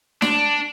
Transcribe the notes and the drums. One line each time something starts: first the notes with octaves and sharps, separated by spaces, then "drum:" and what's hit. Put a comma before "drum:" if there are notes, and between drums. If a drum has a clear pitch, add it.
D4, drum: snare D4